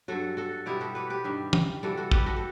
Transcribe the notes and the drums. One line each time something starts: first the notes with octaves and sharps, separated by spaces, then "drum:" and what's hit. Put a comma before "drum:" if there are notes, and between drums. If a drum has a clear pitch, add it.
G2 F#3 F#4 A4
F#4 A4
B2 G3 E4 G4
F#4 A4
G4 B4
G4 B4
G2 D#3 G3
drum: tom
C3 E3 G3 F#4 A4
F#4 A4
G4 B4, drum: kick
F#4 A4
A4